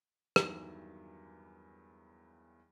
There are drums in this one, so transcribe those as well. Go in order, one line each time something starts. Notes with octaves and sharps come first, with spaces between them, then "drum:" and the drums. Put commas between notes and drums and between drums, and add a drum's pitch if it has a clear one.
E2 G2 D#3 E3 F#3, drum: rim click